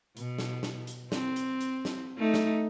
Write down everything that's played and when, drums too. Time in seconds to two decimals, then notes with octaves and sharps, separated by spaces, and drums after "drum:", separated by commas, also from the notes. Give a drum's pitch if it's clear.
0.17 B2, drum: hi-hat
0.38 drum: snare
0.63 drum: snare
0.87 drum: hi-hat
1.12 C4, drum: snare
1.36 drum: hi-hat
1.61 drum: hi-hat
1.85 drum: snare
2.18 A3 D#4
2.34 drum: snare